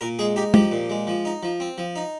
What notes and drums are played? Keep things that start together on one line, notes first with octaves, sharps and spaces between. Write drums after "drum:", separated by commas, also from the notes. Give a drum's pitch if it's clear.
A#2 A#4
G#3 G#4
D#4 G4
F3 G4, drum: tom G#3
A#2
G#3
F3
D#4
F3
C4
F3
D#4